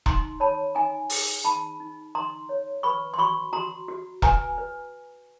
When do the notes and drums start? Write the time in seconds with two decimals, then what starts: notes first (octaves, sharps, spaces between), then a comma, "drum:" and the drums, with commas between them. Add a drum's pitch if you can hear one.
0.06 D#4 A#5 C6, drum: kick E1
0.40 C#5 A5 B5
0.75 D#4 G#5 A#5
1.10 G#4, drum: open hi-hat
1.44 D#4 A5 B5
1.80 D#4
2.15 D#4 A#5 C6
2.49 C#5
2.83 B4 B5 C#6
3.14 C6
3.18 F#4 B5 C#6
3.53 F#4 A#5 C6
3.88 F#4
4.22 B4 G#5 A#5, drum: kick E1
4.58 B4